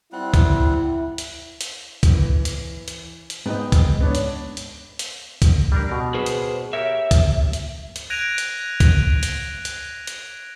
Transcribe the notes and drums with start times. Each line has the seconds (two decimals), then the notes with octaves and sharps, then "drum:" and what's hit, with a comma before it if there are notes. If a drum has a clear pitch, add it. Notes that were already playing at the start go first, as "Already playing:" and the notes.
0.12 G3 C4 E4 F#5
0.34 drum: kick C2, hi-hat
1.18 drum: hi-hat
1.61 drum: hi-hat
2.03 drum: kick C2, hi-hat
2.12 E3
2.45 drum: hi-hat
2.88 drum: hi-hat
3.30 drum: hi-hat
3.46 G#2 B3 D#4 D#5 G5
3.72 drum: kick C2, hi-hat
4.01 B3 D4 C#5
4.15 drum: hi-hat
4.57 drum: hi-hat
4.99 drum: hi-hat
5.42 drum: kick C2, hi-hat
5.72 G3 D4 A#4
5.92 B2
6.14 G#4 B4 C5
6.26 drum: hi-hat
6.73 G4 A#4 C#5 E5
7.11 drum: kick C2, hi-hat
7.53 drum: hi-hat
7.96 drum: hi-hat
8.10 F#6 G#6 A#6 D7 D#7 F7
8.38 drum: hi-hat
8.80 drum: kick C2, hi-hat
9.23 drum: hi-hat
9.65 drum: hi-hat
10.07 drum: hi-hat